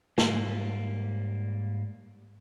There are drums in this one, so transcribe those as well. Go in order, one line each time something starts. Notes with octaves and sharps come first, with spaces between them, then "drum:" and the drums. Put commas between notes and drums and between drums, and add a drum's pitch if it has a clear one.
G#2 G3 A#3, drum: snare